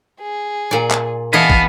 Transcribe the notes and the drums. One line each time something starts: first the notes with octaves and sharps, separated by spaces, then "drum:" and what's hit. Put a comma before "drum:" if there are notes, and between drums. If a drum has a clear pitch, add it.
G#4
A#2 D5
drum: clap
E3 G#4 B4 D#5 F5 F#5 A5
drum: kick